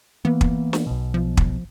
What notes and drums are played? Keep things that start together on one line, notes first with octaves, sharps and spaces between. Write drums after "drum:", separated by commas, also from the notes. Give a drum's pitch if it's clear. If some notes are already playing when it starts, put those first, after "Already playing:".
E3 A#3 B3
drum: kick
drum: snare
B1 B2
F3
drum: kick